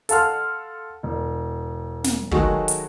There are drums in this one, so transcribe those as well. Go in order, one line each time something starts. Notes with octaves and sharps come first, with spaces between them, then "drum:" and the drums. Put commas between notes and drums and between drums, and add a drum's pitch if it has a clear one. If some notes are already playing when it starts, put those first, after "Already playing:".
A4 F5 F#5 A5 C6 F6, drum: hi-hat
E1
drum: snare
D#3 F#3 G#3 A3 F#4 G#4, drum: kick
drum: hi-hat